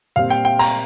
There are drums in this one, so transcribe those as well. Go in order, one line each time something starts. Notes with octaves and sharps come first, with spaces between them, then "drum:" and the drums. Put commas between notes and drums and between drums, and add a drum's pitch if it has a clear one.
A#2 G3 C4 F5
G5
G5
A#5, drum: open hi-hat